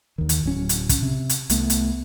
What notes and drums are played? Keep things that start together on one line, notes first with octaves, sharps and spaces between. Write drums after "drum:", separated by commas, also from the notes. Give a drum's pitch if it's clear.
D#2 D#3
drum: hi-hat
D1 F#3 C#4
drum: hi-hat
drum: kick, hi-hat
C3
drum: hi-hat
C2 A3 B3, drum: hi-hat
drum: hi-hat